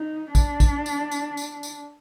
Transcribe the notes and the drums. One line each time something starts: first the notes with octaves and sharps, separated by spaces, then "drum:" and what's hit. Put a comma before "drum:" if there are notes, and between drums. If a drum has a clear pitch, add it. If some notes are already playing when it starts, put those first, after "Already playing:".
Already playing: D#4
D4, drum: kick, tambourine
drum: kick, tambourine
drum: tambourine
drum: tambourine
drum: tambourine
drum: tambourine